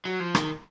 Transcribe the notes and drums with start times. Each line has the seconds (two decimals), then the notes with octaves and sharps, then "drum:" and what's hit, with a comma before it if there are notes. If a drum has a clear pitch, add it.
0.05 F#3
0.20 F3
0.35 D#3, drum: rim click